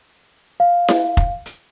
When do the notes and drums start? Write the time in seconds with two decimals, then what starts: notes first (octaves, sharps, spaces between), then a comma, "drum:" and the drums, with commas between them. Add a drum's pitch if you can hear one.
0.60 F5
0.88 drum: snare E4
1.17 drum: kick F1
1.46 drum: hi-hat